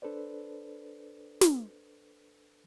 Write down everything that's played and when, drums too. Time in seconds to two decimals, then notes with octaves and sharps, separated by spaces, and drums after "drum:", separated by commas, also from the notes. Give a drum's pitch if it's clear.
0.02 D4 A4 B4 C5 D5
1.41 drum: snare